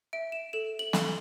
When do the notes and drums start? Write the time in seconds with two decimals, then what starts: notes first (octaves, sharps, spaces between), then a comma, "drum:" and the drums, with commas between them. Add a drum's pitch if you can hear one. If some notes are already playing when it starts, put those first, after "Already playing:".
0.13 E5 D7
0.32 E7
0.53 A4 E7
0.79 F#7
0.93 A4, drum: snare